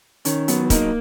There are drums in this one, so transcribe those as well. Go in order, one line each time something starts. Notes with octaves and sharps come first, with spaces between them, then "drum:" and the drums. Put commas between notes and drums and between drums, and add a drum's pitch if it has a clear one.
D#3 C#4, drum: hi-hat
F#3 B3, drum: hi-hat
A#3 D#4, drum: kick, hi-hat